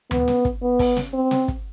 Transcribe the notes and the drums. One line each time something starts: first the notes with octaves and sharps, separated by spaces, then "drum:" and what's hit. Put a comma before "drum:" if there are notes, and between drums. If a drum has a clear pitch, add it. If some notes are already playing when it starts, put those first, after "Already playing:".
B3, drum: tom D2
drum: snare
drum: kick, hi-hat
B3
drum: kick, open hi-hat
drum: snare
C4
drum: snare
drum: kick, hi-hat